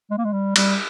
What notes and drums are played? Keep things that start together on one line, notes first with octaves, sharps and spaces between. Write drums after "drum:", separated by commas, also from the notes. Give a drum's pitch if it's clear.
G#3
A#3
G#3
G3
G3, drum: cymbal